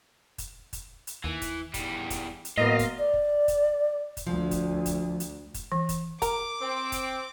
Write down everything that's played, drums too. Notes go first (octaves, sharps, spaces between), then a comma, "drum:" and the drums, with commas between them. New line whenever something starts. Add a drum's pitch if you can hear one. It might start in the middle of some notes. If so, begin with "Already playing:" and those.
drum: kick, hi-hat
drum: kick, hi-hat
drum: hi-hat
D#2 E3
drum: kick, hi-hat
E2 G3, drum: kick, hi-hat
drum: kick, hi-hat
drum: hi-hat
A2 F#3 A#3 B3 F4 D#5
drum: kick, hi-hat
D5
drum: kick
drum: kick, hi-hat
drum: kick, hi-hat
D2 F3
drum: kick, hi-hat
drum: kick, hi-hat
drum: hi-hat
drum: kick, hi-hat
E3
drum: kick, hi-hat
A#4 D6, drum: kick, hi-hat
C4
drum: kick, hi-hat